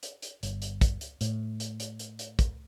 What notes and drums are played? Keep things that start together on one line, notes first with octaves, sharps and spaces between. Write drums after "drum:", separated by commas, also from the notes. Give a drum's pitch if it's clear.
drum: hi-hat
drum: hi-hat
G1, drum: hi-hat
drum: hi-hat
drum: kick, hi-hat
drum: hi-hat
A2, drum: hi-hat
drum: hi-hat
drum: hi-hat
drum: hi-hat
drum: hi-hat
drum: kick, hi-hat